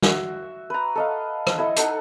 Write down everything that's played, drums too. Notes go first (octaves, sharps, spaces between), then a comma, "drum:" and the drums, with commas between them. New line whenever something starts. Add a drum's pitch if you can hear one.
F#4 E5, drum: snare
B4 A#5
A4 D#5 F5
drum: rim click
E4 A4 D#5
D#4 A4 F#5, drum: hi-hat